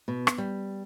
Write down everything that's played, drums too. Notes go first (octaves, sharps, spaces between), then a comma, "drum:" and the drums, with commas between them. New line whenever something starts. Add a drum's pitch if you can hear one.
B2
drum: rim click
G3